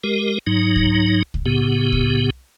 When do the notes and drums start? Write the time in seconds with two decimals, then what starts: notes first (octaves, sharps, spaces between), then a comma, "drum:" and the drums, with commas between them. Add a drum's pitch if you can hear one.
0.04 G#3 G4 A#4
0.47 G#2 F#3 D#4
0.76 drum: kick C2
1.34 drum: kick C2
1.46 A2 C#3 B3 G4
1.92 drum: kick C2